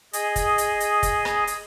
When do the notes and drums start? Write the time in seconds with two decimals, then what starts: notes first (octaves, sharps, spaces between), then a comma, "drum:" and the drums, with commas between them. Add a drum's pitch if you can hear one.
0.13 G#4 D#5, drum: hi-hat
0.36 drum: kick, hi-hat
0.58 drum: hi-hat
0.80 drum: hi-hat
1.03 drum: kick, hi-hat
1.25 drum: rim click
1.47 drum: hi-hat